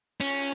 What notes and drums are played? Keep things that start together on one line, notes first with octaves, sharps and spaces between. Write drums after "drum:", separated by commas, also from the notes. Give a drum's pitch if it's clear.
C#4, drum: cymbal